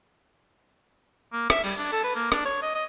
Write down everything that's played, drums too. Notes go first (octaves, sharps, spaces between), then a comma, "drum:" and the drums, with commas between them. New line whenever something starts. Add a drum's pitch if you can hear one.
A#3
E5, drum: rim click
G3, drum: cymbal
D4
A4
B4
A#3
D4, drum: rim click
C#5
D#5
D#5